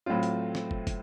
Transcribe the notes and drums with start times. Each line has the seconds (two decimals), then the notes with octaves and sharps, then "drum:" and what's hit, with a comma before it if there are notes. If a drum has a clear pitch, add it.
0.06 A2 F#3 A3 C4 F4
0.23 drum: hi-hat
0.55 drum: snare
0.71 drum: kick
0.87 drum: kick, hi-hat